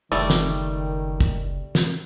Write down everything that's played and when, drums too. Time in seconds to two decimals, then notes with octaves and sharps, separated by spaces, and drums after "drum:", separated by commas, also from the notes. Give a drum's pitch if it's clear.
0.12 F#1 D#3 G3 A3 D5
0.30 drum: snare
1.20 drum: kick
1.75 drum: snare